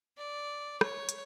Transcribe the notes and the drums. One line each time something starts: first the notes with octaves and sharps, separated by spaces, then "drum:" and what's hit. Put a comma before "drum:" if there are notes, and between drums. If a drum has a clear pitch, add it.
D5
C#5, drum: rim click
drum: hi-hat